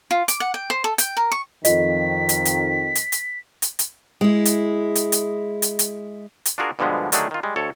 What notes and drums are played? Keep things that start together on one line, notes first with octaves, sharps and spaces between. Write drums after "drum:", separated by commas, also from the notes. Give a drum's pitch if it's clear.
F4
D6, drum: hi-hat
F#5
G5
C5
A4
G5, drum: hi-hat
A#4
C#6
F2 D#3 F4 D#5 B6, drum: hi-hat
drum: hi-hat
drum: hi-hat
drum: hi-hat
drum: hi-hat
drum: hi-hat
drum: hi-hat
G#3 E4
drum: hi-hat
drum: hi-hat
drum: hi-hat
drum: hi-hat
drum: hi-hat
drum: hi-hat
D4 F4 F#4 G#4 A#4
G2 B2 D3 F3 G#3 B3
D3 D#3 F#3 A3 D4 G#4, drum: hi-hat
D#3 F4
G3 G#3
D2 A4 C#5